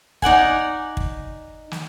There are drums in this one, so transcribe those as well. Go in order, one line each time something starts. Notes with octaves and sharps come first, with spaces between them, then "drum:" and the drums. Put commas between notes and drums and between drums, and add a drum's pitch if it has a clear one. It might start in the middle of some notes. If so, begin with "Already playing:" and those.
D#4 D5 F#5 G#5, drum: kick
drum: kick
drum: snare